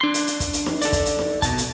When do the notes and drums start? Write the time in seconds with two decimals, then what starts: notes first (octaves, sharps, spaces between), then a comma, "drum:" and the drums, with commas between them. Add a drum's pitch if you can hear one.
0.01 D4 C6
0.14 drum: hi-hat
0.27 drum: hi-hat
0.40 drum: kick, hi-hat
0.53 drum: hi-hat
0.66 drum: snare
0.82 A4 D5, drum: hi-hat
0.92 drum: kick, hi-hat
1.06 drum: hi-hat
1.19 drum: snare
1.42 B2 A5, drum: kick, hi-hat
1.58 drum: hi-hat